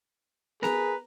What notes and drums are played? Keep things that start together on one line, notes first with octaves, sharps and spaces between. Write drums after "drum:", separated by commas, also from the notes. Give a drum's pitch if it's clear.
G#4 A#4 B4 A#5, drum: snare B3